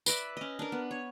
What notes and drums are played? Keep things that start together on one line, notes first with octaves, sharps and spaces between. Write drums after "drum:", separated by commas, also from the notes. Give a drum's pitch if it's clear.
B4 D5 E5, drum: tambourine
C#4 D#5
D4 A#4
B3
C#5